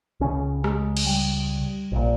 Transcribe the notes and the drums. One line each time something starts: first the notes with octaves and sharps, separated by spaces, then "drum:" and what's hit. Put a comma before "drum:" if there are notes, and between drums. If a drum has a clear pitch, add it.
C#2 C#3 C#4
G#3, drum: rim click
drum: cymbal
G3
A#1 A#2